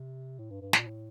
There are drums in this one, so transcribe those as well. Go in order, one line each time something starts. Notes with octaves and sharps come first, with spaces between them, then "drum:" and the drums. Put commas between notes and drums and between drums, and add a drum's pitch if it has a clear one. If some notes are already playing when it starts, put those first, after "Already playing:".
Already playing: C3
A2
G2
G2
A2, drum: snare
A#2
A2